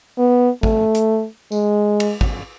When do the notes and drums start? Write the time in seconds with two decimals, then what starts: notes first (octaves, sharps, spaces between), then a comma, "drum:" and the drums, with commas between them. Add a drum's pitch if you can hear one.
0.18 B3
0.63 A3, drum: kick
0.95 drum: hi-hat
1.52 G#3, drum: tambourine
2.00 drum: cymbal
2.21 drum: kick